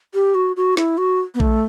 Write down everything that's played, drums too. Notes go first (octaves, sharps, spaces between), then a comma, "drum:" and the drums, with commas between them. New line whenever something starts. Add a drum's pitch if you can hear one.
G4
F#4
F#4
E4, drum: snare
F#4
B3
A3, drum: kick A#1